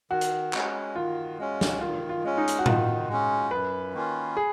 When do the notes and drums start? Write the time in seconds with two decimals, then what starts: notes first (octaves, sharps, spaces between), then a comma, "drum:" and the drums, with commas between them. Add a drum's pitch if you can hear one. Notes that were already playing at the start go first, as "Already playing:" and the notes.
0.11 D#3 F#4
0.21 drum: hi-hat
0.53 G#3 C#4, drum: clap
0.95 D#3 F4
1.38 G#3 C#4
1.61 drum: snare
1.81 D#3 F4
2.09 F4
2.24 G#3 C#4
2.38 D#4
2.48 drum: hi-hat
2.59 F#4
2.66 D#3 F4, drum: tom A2
3.09 G#3 C#4
3.51 F#2 B4
3.94 D#3 A#3 C#4 F4
4.37 G#4